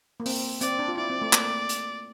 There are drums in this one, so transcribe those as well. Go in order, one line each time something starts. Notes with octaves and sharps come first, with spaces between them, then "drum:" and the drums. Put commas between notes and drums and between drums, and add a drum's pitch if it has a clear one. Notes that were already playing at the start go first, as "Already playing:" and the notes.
A#3
C4, drum: open hi-hat
C4 D5, drum: hi-hat
D4
F4
E4 D5
C4
A3
A#3, drum: clap
drum: hi-hat